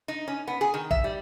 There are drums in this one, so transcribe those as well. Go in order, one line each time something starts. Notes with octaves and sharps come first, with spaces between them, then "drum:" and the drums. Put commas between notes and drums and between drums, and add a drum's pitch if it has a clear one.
D#4
C#4
B3
G#4
D#3
E5, drum: kick A#1
G3